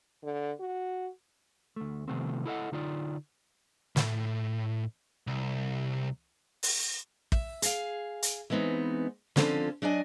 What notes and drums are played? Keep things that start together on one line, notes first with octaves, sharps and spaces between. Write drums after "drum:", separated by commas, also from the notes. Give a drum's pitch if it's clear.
D3
F#4
D2 A3
C3 D#3 F3 A3 B3 C4
E4 A4 D#5 F#5
D3 D#4 F4 D5
A2, drum: snare
C2
drum: open hi-hat
E5, drum: kick
G#4 F5, drum: hi-hat
drum: hi-hat
E3 G#3 B3 C4 D#4
D3 F3 C4 C#4 F4 A4, drum: snare
F#3 D4 D5 D#5 G#5